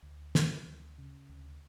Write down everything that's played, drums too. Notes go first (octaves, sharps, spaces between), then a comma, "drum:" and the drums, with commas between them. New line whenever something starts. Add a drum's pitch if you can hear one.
D2
G3, drum: snare
D2
C#3
D2